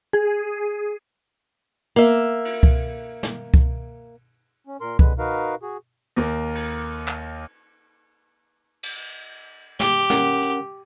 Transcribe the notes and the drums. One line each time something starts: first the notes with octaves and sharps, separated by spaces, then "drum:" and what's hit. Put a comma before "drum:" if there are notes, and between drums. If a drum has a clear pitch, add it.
G#4
A#3 E5
drum: cymbal
drum: kick C2
drum: snare
drum: kick C2
C#4
A#2 A#4 C6
D3 G#3 B4, drum: kick C2
D#4 F#4 A#4 B4 F5
F#4 G#4
D#2 A#3
drum: cymbal
drum: clap
drum: cymbal
G4, drum: snare
C#4 A#4 F#5, drum: snare
drum: hi-hat